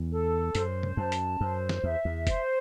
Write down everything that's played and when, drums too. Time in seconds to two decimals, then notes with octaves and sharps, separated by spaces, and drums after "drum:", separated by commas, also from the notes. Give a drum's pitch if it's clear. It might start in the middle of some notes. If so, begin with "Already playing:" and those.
Already playing: E2
0.11 A4
0.55 F#2 C5, drum: hi-hat
0.83 drum: tom
0.97 F#2 A5
1.12 drum: hi-hat
1.41 F#2 C5
1.69 drum: snare
1.84 E2 E5
2.05 E2
2.27 C5, drum: kick, hi-hat